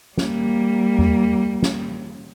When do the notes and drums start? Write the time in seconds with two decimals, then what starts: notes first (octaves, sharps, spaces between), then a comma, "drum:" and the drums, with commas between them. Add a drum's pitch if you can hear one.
0.17 G3 A#3, drum: snare
0.99 drum: tom E2
1.62 drum: snare